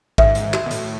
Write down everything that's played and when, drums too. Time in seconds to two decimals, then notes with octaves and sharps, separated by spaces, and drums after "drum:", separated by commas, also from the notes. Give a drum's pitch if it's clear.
0.18 G#2 E5, drum: kick A1
0.35 G#2, drum: hi-hat
0.54 F#4, drum: clap
0.66 B2
0.71 A2, drum: hi-hat